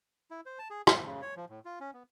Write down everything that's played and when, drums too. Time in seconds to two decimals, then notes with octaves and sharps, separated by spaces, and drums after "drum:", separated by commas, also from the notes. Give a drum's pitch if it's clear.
0.31 E4
0.46 C5
0.59 A5
0.70 G#4
0.87 F4, drum: rim click
1.05 C#3
1.22 C#5
1.36 F3
1.49 A2
1.65 F4
1.80 C#4
1.94 B3